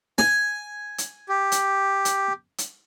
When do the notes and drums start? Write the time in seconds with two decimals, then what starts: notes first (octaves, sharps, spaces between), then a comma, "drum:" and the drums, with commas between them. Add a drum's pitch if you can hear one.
0.18 G#5, drum: snare
0.98 drum: hi-hat
1.29 G4
1.52 drum: hi-hat
2.05 drum: hi-hat
2.58 drum: hi-hat